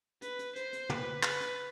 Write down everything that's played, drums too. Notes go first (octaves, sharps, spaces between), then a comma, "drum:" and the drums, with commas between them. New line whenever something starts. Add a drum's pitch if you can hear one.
B4, drum: hi-hat
drum: hi-hat
C5, drum: hi-hat
drum: hi-hat
B4, drum: tom
B4, drum: clap
drum: hi-hat